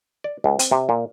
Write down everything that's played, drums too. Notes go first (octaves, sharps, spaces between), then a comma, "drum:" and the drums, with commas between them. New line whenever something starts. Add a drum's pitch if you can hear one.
D5
C#2
C4, drum: hi-hat
C3
A#2